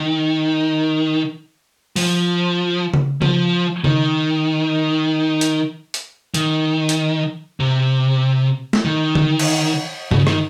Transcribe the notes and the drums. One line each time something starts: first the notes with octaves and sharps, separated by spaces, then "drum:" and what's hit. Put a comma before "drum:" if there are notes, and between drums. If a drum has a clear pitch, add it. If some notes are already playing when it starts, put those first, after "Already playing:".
Already playing: D#3
F3, drum: open hi-hat
drum: tom C#3
F3, drum: tom C#3
D#3, drum: tom C#3
drum: hi-hat
drum: hi-hat
D#3, drum: hi-hat
drum: hi-hat
C3
drum: snare
D#3
drum: tom D3
drum: cymbal
C#3, drum: tom G2
D#3, drum: rim click